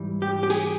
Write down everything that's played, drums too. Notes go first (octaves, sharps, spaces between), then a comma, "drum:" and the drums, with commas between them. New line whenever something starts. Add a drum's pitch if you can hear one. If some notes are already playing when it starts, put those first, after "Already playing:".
Already playing: G#2 E3 G3
G4
G4
G#4, drum: tambourine